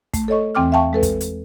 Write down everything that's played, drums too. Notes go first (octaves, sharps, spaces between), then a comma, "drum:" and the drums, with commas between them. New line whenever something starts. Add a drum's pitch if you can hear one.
A3, drum: kick, hi-hat
A4 C#5 D#5 C#6
E2 E3 C4 G5 D6 F6
E5 F5 G5 A5 C#6
G#3 A4 B4
drum: kick, hi-hat
drum: hi-hat